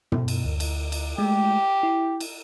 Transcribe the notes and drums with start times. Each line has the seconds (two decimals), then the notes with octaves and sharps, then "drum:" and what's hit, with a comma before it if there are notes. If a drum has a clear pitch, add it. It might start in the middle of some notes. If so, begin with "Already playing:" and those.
0.12 B2, drum: tom
0.28 drum: cymbal
0.45 D2
0.60 drum: cymbal
0.92 drum: cymbal
1.18 G#3 A3 G4
1.83 E4
2.20 drum: cymbal